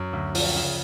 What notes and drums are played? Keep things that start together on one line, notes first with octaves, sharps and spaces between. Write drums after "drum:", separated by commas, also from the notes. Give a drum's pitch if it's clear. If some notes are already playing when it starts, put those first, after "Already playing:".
Already playing: F#2
D2
F3, drum: open hi-hat
C#3